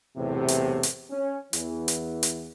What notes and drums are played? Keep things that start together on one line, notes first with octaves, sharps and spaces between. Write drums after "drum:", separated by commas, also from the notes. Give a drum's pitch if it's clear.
B1 E2 A2 C3
drum: hi-hat
drum: hi-hat
C#4
E2 E3, drum: hi-hat
drum: hi-hat
drum: hi-hat